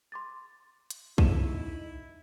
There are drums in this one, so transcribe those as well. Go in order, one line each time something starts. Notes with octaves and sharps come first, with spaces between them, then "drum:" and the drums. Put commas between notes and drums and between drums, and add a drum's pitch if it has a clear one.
C6 D6 A6
drum: hi-hat
D#4 E4 D#7 E7, drum: kick